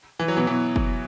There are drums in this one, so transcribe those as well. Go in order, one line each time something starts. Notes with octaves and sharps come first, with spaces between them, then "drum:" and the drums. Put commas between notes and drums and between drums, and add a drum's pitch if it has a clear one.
E3
F#3
B2 E3
B2 E3
drum: kick F#1